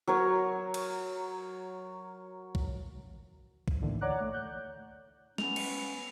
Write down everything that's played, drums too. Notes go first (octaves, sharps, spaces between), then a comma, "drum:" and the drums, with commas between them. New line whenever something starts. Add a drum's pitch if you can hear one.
F#3 A#4 C#5
drum: cymbal
drum: kick B1
drum: kick B1
D#2 A2 D3 E3
C#5 D5 F#5 A#5 D6 F#6
A3
F#6 G6
B3 C#4 F7, drum: snare
drum: cymbal